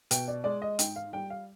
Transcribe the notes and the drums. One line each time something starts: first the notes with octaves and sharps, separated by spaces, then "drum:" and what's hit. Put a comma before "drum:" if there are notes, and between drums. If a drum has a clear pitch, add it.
B2 G5, drum: hi-hat
D5
G#3 D5
D#5
G#2 G5, drum: hi-hat
F5
G3 G5
F5